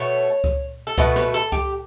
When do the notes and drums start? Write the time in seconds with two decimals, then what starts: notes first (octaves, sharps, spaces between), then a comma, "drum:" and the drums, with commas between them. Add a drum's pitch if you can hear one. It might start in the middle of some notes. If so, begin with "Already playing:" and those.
Already playing: B2 A3 C#5
0.44 drum: kick C#2
0.87 A4
0.98 B2 A3 B4, drum: kick C#2
1.16 B4, drum: snare
1.34 A4
1.52 G4, drum: kick C#2